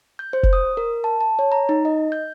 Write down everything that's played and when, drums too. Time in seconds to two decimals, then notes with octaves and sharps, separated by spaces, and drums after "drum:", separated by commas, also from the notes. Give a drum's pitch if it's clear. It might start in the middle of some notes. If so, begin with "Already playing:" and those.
0.19 G6
0.33 C5
0.43 drum: kick F1
0.53 D#6
0.77 A#4
1.04 A5
1.21 A5
1.39 C#5
1.52 A#5
1.69 D#4
1.85 D#5
2.12 G6